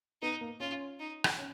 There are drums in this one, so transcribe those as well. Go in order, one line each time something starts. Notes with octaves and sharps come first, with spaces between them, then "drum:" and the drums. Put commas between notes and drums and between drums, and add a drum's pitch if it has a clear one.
B3 D#4
A#3
C#4 F4
D#4
drum: rim click
C#4